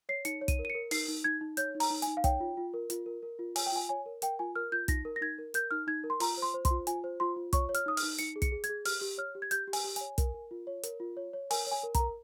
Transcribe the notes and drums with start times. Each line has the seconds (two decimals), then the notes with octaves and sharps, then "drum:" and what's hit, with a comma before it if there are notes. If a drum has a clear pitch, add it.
0.09 C#5 C7
0.25 D#4 C#7, drum: hi-hat
0.41 C#5
0.48 D#7, drum: kick, hi-hat
0.59 A#4
0.65 D#7
0.70 C#7
0.75 A#4
0.91 D#4 C7, drum: open hi-hat
1.08 D#4
1.24 D#4 G#6
1.41 D#4
1.57 C#5 G6, drum: hi-hat
1.75 D#4
1.80 A#5, drum: open hi-hat
1.90 D#4
2.02 G#5, drum: hi-hat
2.07 D#4
2.17 F5
2.24 C#5 G5, drum: kick, hi-hat
2.40 F4
2.57 F4
2.74 A#4
2.90 F4, drum: hi-hat
3.06 A#4
3.23 A#4
3.39 F4
3.56 C#5 G#5, drum: open hi-hat
3.66 G5
3.72 F4 G#5
3.89 C#5 G#5
4.06 A#4
4.22 A#4 G5, drum: hi-hat
4.39 F4 G#5
4.56 A#4 F6
4.72 F4 G6
4.88 D#4 A#6, drum: kick, hi-hat
5.05 A#4
5.16 A#6
5.21 D#4 G#6
5.38 A#4
5.54 A#4 G6, drum: hi-hat
5.71 D#4 F6
5.87 D#4 G#6
6.04 A#4
6.10 C6
6.20 F4 A#5, drum: open hi-hat
6.37 C5 C6
6.54 C5
6.65 C6, drum: kick, hi-hat
6.70 F4
6.87 F4 G#5, drum: hi-hat
7.04 C5
7.20 F4 C6
7.36 F4
7.53 C#5 C#6, drum: kick, hi-hat
7.69 C#5
7.75 F6, drum: hi-hat
7.86 D#4 D#6
7.97 F6, drum: open hi-hat
8.03 D#4
8.19 D#4 C#7, drum: hi-hat
8.36 G#4
8.42 C#7, drum: kick, hi-hat
8.52 G#4
8.64 G#6, drum: hi-hat
8.69 G#4
8.85 G4 F6, drum: open hi-hat
9.01 G4
9.18 C#5 F6
9.35 G4
9.42 G#6
9.51 G4 G6, drum: hi-hat
9.67 G4
9.73 G#5, drum: open hi-hat
9.84 G4
9.96 C#5 G#5, drum: hi-hat
10.18 A#4, drum: kick, hi-hat
10.34 A#4
10.51 F4
10.67 C#5
10.84 A#4, drum: hi-hat
11.00 F4
11.17 C#5
11.33 C#5
11.51 A#4 G#5, drum: open hi-hat
11.67 C#5 G#5
11.83 A#4
11.95 A#5, drum: kick, hi-hat
12.00 A#4